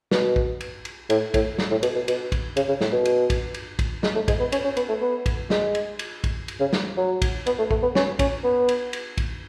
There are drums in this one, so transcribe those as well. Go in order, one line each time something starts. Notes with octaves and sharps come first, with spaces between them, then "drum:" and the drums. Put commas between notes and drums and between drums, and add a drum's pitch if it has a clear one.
B2, drum: snare
drum: kick
drum: cymbal
drum: cymbal
A2, drum: cymbal
A2, drum: kick, cymbal
drum: snare
A2
B2, drum: cymbal
B2
B2, drum: cymbal
drum: kick, cymbal
C#3, drum: cymbal
C#3
A2, drum: snare
B2
drum: cymbal
drum: kick, cymbal
drum: cymbal
drum: kick, cymbal
G#3, drum: snare
A3
G#3, drum: kick, cymbal
B3
C#4, drum: cymbal
C#4
B3, drum: cymbal
A3
B3
drum: kick, cymbal
G#3, drum: snare
drum: cymbal
drum: cymbal
drum: kick, cymbal
drum: cymbal
C#3
drum: snare
F#3
drum: kick, cymbal
B3, drum: cymbal
A3
A3, drum: kick
B3
C#4, drum: snare
C#4, drum: kick, cymbal
B3
drum: cymbal
drum: cymbal
drum: kick, cymbal